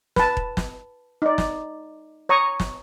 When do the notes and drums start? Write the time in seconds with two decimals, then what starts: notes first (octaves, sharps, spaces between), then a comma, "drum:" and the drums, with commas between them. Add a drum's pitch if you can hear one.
0.16 B4 A5, drum: snare
0.37 drum: kick D#1
0.57 drum: snare
1.22 D#4 D5
1.38 drum: snare
2.29 C#5 A#5 C#6 D#6
2.60 drum: snare